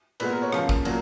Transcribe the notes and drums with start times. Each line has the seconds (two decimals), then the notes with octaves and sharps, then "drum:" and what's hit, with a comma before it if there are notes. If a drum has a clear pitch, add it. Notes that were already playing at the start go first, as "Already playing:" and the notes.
0.20 A#2 G#3 B3 B4, drum: cymbal
0.31 A#4
0.42 C#5
0.53 C#3 F3 A#3 F5, drum: rim click
0.69 drum: kick
0.85 A#2 F#3 A#3, drum: cymbal